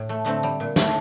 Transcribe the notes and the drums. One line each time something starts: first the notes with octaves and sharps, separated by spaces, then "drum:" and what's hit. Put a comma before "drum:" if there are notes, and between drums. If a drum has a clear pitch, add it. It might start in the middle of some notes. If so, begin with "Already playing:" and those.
Already playing: A2
A3
D3 A3 C4
G3
A#2
A3, drum: snare